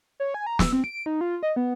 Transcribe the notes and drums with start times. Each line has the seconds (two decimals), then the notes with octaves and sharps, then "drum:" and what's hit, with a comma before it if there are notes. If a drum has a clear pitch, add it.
0.20 C#5
0.34 G#5
0.46 A#5
0.59 E6, drum: snare
0.73 C4
0.84 D7
1.06 D#4
1.21 F4
1.43 D#5
1.56 B3